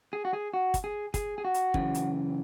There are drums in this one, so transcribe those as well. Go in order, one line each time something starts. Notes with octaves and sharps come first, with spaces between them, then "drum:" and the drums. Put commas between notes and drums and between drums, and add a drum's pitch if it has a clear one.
G#4
F#4
G#4
F#4
drum: kick, hi-hat
G#4
G#4, drum: kick, hi-hat
G#4
F#4
drum: hi-hat
F#2 C#3 E3, drum: kick
drum: hi-hat